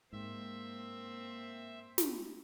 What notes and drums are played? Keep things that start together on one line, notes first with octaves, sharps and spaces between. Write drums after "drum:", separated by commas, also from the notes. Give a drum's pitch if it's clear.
G#2 A#3 C4 E5
drum: snare